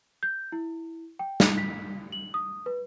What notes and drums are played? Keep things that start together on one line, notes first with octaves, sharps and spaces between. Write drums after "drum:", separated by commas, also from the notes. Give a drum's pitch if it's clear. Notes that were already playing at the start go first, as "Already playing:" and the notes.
G6
E4
G5
drum: snare
B6
F#7
D#6
B4